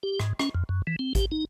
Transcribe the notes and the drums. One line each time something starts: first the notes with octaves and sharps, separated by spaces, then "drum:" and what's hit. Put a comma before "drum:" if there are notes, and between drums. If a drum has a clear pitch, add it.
G4
G#2, drum: rim click
C#4, drum: rim click
F2
F#2
E3
C4
G4, drum: kick A1, hi-hat
D#4